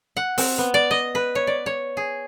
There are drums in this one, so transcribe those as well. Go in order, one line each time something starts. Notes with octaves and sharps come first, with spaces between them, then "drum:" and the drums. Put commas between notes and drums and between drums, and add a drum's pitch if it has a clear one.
F#5
C4, drum: open hi-hat
B3
D5
D#5
B4
C#5
D5
C#5
G#4